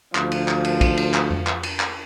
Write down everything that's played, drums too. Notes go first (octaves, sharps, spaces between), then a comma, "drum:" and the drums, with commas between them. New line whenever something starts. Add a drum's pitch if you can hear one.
D2 F3, drum: clap
drum: cymbal
drum: clap
drum: cymbal
drum: kick, cymbal
drum: cymbal
drum: clap
drum: tom F2
drum: clap
drum: cymbal
drum: clap